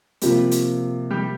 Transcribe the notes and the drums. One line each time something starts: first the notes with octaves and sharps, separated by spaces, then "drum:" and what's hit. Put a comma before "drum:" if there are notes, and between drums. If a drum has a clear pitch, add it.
C3 F3 G3 A#3 G4, drum: hi-hat
drum: hi-hat
G3 G4